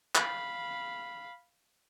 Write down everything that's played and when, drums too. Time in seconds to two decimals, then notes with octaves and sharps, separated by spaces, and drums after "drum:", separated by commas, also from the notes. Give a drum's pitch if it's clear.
0.15 F5 B5, drum: clap